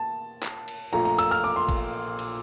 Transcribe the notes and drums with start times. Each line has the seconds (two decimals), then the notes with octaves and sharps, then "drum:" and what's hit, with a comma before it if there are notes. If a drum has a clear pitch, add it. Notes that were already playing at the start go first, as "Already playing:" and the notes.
Already playing: A#3 A5
0.43 drum: clap
0.68 drum: cymbal
0.93 A#1 A#2 A3 A#5
1.05 A#5
1.18 E6, drum: cymbal
1.31 F6
1.44 D6
1.56 C6
1.69 drum: kick G#1, cymbal
2.19 drum: cymbal